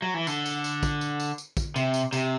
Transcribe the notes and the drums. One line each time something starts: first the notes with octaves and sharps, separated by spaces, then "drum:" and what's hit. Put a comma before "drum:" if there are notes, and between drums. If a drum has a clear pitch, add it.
F#3
E3
D3, drum: tambourine
drum: tambourine
drum: tambourine
drum: kick, tambourine
drum: tambourine
drum: tambourine
drum: tambourine
drum: kick, tambourine
C3, drum: tambourine
drum: tambourine
C3, drum: tambourine